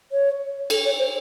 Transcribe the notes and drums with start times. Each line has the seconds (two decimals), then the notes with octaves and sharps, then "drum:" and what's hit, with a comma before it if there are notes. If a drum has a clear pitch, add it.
0.12 C#5
0.70 A4, drum: cymbal
0.85 C#5
0.99 C5